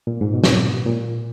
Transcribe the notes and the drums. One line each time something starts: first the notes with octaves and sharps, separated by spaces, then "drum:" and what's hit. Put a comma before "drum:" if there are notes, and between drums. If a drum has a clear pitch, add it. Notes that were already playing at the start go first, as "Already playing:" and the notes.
A#2
G#2
B2
drum: snare
A#2